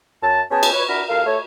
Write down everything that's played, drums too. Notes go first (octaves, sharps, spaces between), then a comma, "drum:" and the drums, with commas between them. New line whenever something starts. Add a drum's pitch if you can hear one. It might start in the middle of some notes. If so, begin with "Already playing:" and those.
F#2 A5
B3 C#4 G#4 C#5 G5 A5
drum: cymbal
B4 C#5
D4 E4 F#4 A#4 A#5 B5
D#2 A4 A#4 F5
A3 C#5